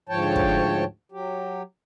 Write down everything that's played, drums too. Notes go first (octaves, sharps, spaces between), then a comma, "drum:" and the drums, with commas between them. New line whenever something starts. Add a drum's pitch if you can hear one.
D2 G#2 F3 C#5 G5 A5
drum: kick
F#3 G4